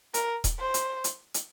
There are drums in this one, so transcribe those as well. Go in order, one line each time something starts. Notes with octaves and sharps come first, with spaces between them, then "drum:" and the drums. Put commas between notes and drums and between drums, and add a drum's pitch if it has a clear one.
A#4, drum: hi-hat
drum: kick D#1, hi-hat
C5
drum: hi-hat
drum: hi-hat
drum: hi-hat